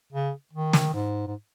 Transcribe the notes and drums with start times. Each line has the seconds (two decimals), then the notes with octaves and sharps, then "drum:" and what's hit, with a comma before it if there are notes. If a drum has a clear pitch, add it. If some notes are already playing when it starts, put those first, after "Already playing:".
0.12 C#3
0.53 D#3
0.73 drum: snare
0.94 G#2
1.28 G#2